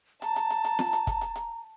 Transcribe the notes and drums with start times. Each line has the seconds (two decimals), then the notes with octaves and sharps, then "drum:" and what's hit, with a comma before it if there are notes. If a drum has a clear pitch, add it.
0.22 A5 A#5, drum: hi-hat
0.36 drum: hi-hat
0.50 drum: hi-hat
0.65 drum: hi-hat
0.79 drum: snare
0.93 drum: hi-hat
1.07 drum: kick, hi-hat
1.21 drum: hi-hat
1.36 drum: hi-hat